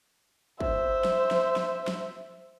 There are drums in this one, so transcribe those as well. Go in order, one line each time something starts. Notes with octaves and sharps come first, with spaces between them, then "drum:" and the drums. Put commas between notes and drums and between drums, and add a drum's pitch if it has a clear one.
C5 E5, drum: kick
drum: snare
drum: snare
drum: snare
drum: snare